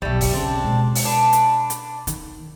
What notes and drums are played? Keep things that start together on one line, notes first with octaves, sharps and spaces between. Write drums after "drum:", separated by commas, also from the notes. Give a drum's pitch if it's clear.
B1 B2 G3 A3
drum: kick E1, open hi-hat
C#3 C4 D4
B2 G#3
drum: open hi-hat
D4 B4
drum: hi-hat
drum: hi-hat
D#3, drum: hi-hat